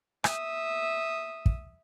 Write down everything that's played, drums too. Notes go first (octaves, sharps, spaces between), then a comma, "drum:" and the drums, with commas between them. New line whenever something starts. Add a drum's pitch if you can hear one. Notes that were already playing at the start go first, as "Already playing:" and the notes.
E5 D#6, drum: rim click
drum: kick